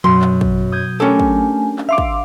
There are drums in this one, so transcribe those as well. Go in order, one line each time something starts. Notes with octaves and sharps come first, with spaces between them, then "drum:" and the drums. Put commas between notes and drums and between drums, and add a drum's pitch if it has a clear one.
F#2 B2 F#3 C6
drum: clap
drum: kick
D#6 G6 G#6
A3 C#4 D4 G4 A4 A#4 G#5
drum: kick
drum: clap
E5 F5 C6 D6
drum: kick